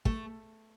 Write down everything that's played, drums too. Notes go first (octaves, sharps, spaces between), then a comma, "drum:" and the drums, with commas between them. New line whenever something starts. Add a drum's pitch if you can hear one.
A3, drum: kick